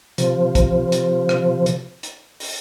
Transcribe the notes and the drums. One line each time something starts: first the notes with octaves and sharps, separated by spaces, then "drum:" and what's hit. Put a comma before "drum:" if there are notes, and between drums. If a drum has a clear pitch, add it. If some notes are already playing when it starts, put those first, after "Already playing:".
C3 F3, drum: hi-hat
drum: kick, hi-hat
drum: hi-hat
drum: rim click
drum: hi-hat
drum: hi-hat
drum: open hi-hat